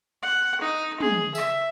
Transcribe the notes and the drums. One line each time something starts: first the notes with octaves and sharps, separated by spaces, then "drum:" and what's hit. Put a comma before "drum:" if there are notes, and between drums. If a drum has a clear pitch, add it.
F#5
D#4
G#4, drum: tom
E5, drum: tambourine